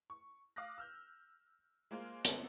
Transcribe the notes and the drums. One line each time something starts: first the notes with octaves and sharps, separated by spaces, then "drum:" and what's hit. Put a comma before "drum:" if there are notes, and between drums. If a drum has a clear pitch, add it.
C#6
F5 D6 D#6 F#6 A#6
E6 F6 G6
G#3 A#3 F4 C5
G1 A4, drum: hi-hat